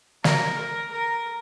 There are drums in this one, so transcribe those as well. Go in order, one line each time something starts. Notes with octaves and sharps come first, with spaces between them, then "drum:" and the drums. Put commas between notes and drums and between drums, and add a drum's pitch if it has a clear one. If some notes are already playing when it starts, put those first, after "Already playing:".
A#4, drum: snare
A#4
A#4